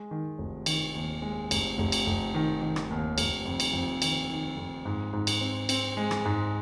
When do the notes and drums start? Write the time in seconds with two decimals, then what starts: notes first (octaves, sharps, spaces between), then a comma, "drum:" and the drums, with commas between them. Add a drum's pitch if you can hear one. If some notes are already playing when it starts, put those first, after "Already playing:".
Already playing: G#3
0.11 D#3
0.38 F1
0.66 D#3, drum: cymbal
0.95 D#2
1.22 G#3
1.51 F1, drum: cymbal
1.78 F1
1.92 drum: cymbal
2.06 F1
2.34 D#3
2.62 D#3
2.76 drum: rim click
2.91 D#2
3.18 F1, drum: cymbal
3.45 F2
3.60 drum: cymbal
3.73 F2
4.02 D#3, drum: cymbal
4.30 D#3
4.57 F2
4.85 G#2
5.13 G#2
5.27 drum: cymbal
5.41 C4
5.69 C4, drum: cymbal
5.97 G#3
6.11 drum: rim click
6.25 G#2